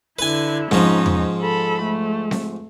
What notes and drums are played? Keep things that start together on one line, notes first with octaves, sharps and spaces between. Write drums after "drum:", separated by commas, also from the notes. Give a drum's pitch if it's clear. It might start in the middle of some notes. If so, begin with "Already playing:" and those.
D3 E4 B4 G#5
G#2 F3 C#4 D#4, drum: snare C4
drum: tom E2
A4 B5
A3
drum: snare C4